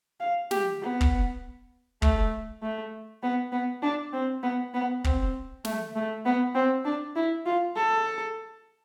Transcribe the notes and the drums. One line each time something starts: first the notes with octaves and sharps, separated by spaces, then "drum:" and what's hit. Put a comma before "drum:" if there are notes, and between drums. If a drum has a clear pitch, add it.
F5
G4, drum: snare
B3
drum: kick
A3, drum: kick
A3
B3
B3
D4
C4
B3
B3
C4, drum: kick
A3, drum: snare
A3
B3
C4
D4
E4
F4
A4